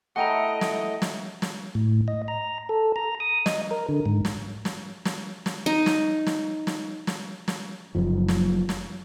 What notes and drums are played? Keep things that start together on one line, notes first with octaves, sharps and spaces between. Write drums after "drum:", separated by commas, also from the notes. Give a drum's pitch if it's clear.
A3 E4 D#5 F#5 G5 A#5
drum: snare
drum: snare
drum: snare
A2
D#5
A#5
A4
A#5
D#6
D#5, drum: snare
A#4
D3
G#2
drum: snare
drum: snare
drum: snare
drum: snare
D#4
drum: snare
drum: snare
drum: snare
drum: snare
drum: snare
F#1 F#2 F3
drum: snare
drum: snare